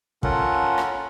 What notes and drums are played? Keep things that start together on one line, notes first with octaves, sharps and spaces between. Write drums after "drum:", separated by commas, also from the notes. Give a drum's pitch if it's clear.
C#4 F4 A4 A#4 F#5, drum: kick
drum: rim click